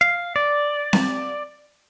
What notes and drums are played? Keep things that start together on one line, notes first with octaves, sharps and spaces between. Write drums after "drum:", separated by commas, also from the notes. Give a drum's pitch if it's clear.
F5
D5
drum: snare C4